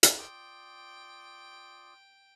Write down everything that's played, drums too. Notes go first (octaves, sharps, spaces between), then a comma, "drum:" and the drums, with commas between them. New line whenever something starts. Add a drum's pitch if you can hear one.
drum: hi-hat
F4 D5 G5 D#6